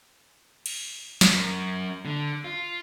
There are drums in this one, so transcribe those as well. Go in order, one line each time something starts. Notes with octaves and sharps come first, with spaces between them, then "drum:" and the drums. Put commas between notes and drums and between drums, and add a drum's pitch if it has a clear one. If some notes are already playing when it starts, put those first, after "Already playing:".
drum: cymbal
drum: snare
F#2
D3
F4